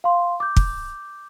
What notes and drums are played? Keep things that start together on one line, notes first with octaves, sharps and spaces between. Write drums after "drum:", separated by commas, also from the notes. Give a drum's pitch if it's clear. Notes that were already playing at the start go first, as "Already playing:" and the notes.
F5 C6
D6 G6
drum: kick